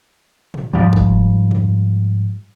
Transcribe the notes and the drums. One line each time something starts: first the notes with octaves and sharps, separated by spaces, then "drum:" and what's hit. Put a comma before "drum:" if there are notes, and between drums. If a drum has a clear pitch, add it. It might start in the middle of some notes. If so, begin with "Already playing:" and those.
drum: tom
G#2 F3 G3
drum: kick
drum: tom